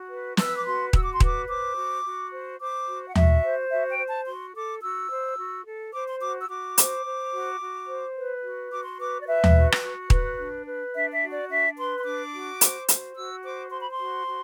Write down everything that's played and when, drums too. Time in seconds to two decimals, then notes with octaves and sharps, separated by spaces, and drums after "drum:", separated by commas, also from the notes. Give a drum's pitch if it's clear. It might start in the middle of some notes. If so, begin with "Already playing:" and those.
Already playing: F#4
0.09 B4
0.37 B4 E6, drum: snare
0.57 D6
0.65 F#4 C6
0.93 F#4 E6, drum: kick D#1
1.03 D6
1.13 C6
1.20 B4 D6, drum: kick D#1
1.49 C5 D6
1.76 F#4
2.05 F#4
2.33 C5
2.60 C5 D6
2.87 F#4
3.08 F#5
3.16 F#4 E5, drum: tom D#2
3.44 C5
3.71 F#4 E5
3.90 G5
3.99 C5
4.08 A5
4.27 F#4 C6
4.54 A4 D6
4.82 F#4 E6
5.10 C5
5.38 F#4
5.66 A4
5.94 C5 D6
6.07 C6
6.22 F#4 D6
6.41 E6
6.49 F#4 D6
6.78 C5, drum: hi-hat
7.05 C5
7.33 F#4
7.60 F#4
7.88 C5
8.16 B4
8.43 F#4
8.71 F#4 D6
8.84 C6
8.98 B4 D6
9.20 D5
9.27 B4 E5
9.44 drum: tom D#2
9.55 F#4
9.72 drum: rim click
9.83 F#4
10.10 B4, drum: kick D#1
10.38 D4
10.66 B4
10.94 D4 E5
11.12 E5
11.22 F#4
11.32 D5
11.50 D4 E5
11.78 B4 C6
11.99 C6
12.05 D4 D6
12.33 F#4
12.61 C5, drum: hi-hat
12.88 F#4, drum: hi-hat
13.16 F#4 E6
13.44 C5 D6
13.71 C5 C6
13.80 B5
13.89 C6
14.00 F#4
14.27 F#4